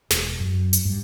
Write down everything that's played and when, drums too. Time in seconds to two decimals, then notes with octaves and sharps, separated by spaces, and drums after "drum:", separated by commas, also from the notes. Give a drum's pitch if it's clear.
0.11 E1, drum: snare
0.40 F#2
0.73 drum: hi-hat
0.85 G2